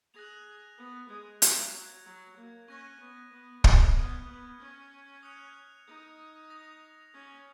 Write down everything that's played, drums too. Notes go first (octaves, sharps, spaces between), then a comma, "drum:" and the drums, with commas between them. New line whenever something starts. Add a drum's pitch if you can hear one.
G#4 F#6 A#6 F7
B3
G#3
F#3 G#6 C#7 F7, drum: hi-hat
F#3
A#3
C#4 C#6 F#6 A#6
B3
B3
G#3, drum: kick
B3 F6 G#6 D#7 F#7
B3
C#4
D#6 F#6 C#7 F7
D#4
D#6 A#6 F7
C#4